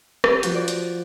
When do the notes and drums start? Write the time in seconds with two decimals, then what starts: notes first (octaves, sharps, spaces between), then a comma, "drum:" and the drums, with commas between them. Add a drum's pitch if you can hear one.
0.24 G4, drum: rim click
0.43 F3 F#4, drum: hi-hat
0.55 D5
0.68 drum: hi-hat